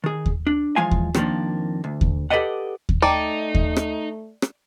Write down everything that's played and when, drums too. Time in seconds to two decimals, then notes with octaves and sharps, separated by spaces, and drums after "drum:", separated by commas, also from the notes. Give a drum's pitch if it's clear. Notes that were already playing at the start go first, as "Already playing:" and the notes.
0.04 D#3 G#4
0.26 drum: kick D#2
0.47 D4
0.76 E3 F3 G#3 F4 F5 G#5
0.91 drum: kick D#2
1.14 F2 D#3 F3 A3 A#3 D4, drum: rim click
1.84 D2
2.01 drum: kick D#2
2.30 G4 A4 B4 D5 D#5 F#5
2.89 drum: kick D#2
3.02 A3 D#4 D5 G5 A5 A#5
3.55 drum: kick D#2
3.76 drum: rim click
4.42 drum: rim click